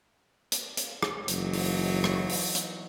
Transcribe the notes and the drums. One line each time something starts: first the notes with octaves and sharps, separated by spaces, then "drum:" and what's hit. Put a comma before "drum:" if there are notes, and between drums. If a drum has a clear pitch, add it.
drum: hi-hat
drum: hi-hat
drum: rim click
F#1 E3 F#3 D#4, drum: hi-hat
drum: open hi-hat
drum: rim click
drum: open hi-hat
drum: hi-hat